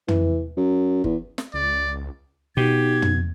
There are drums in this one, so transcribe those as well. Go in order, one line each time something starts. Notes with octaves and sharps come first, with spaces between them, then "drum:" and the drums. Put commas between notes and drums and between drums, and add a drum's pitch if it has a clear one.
E3, drum: tom
F#2
E2, drum: kick
drum: snare
C#2 D5
B2 D#4 G4 G#6
drum: tom